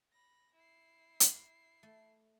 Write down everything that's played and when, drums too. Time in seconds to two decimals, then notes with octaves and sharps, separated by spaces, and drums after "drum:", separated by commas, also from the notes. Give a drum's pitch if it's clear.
0.13 B5 A#6
0.55 E4 C7
1.20 drum: hi-hat
1.83 A3